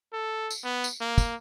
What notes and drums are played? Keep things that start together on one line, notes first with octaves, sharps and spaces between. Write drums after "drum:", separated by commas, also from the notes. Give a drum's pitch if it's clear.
A4
drum: tambourine
B3
drum: tambourine
A#3
drum: kick, tambourine